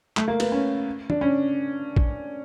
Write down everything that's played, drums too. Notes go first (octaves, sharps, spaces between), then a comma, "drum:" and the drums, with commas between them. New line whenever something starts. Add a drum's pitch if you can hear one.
A3, drum: clap
A#3
B3, drum: cymbal
C#4
D4, drum: tom
C#4
drum: kick A#1